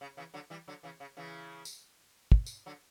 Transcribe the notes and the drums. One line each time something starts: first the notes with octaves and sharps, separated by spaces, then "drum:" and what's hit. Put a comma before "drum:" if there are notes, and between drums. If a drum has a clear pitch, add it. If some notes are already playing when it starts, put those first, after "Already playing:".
C#3
C#3 E3
D3 F#3
E3 G3
D3 F#3
C#3 E3
C#3
C#3 E3
drum: tambourine
drum: kick
drum: tambourine
D3 F#3